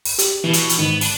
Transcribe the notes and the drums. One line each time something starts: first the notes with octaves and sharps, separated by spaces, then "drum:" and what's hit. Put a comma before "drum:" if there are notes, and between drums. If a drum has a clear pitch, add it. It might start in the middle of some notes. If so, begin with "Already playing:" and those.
drum: open hi-hat
G4, drum: hi-hat
B2 E3
drum: hi-hat
drum: hi-hat
G#2 D#3 B3
D4, drum: open hi-hat